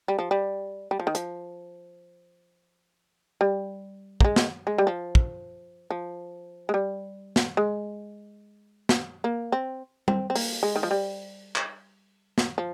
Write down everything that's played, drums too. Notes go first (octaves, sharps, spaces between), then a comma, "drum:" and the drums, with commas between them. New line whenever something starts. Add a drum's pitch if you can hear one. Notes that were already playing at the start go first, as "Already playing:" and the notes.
G3
F3
G3
G3
F3
D#3
F3, drum: hi-hat
G3
A#3, drum: kick
G#3
drum: snare
G#3
G3
F3
drum: kick
F3
G#3
G3
drum: snare
G#3
drum: snare
A#3
C4
C4, drum: tom G3
C4
A#3, drum: open hi-hat
G#3
D#3
F3
G3
drum: clap
drum: snare
F3